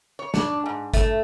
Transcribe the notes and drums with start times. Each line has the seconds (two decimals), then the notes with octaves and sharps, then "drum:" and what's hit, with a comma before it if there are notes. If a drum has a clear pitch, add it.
0.19 C#5
0.34 D4, drum: snare
0.66 G#2
0.94 A3, drum: kick, hi-hat